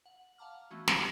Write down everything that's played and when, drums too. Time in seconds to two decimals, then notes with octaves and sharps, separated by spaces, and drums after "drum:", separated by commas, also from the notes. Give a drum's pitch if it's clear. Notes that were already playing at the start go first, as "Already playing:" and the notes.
0.06 F#5 F#7
0.38 F5 F#5 A5 A#5 D6 F6
0.71 E3 A3 B3 C#4 E4 F#4
0.88 F4 G4, drum: snare